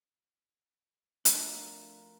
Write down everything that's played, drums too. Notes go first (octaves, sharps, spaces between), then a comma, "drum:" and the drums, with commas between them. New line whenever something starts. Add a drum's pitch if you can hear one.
F3 A3 C4 D4 F4 A#4 B5, drum: hi-hat